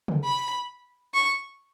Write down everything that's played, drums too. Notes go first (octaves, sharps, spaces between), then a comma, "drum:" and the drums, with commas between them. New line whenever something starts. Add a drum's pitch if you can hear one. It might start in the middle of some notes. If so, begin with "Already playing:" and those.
drum: tom
B5
C#6